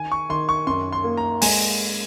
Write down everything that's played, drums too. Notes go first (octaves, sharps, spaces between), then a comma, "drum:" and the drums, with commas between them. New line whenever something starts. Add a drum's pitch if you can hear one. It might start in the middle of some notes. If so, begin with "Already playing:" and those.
Already playing: D#3 G#5
C#6
D#3 C6
C#6
F#2 C6
C6
A#3
A#5
G#3 G#5, drum: open hi-hat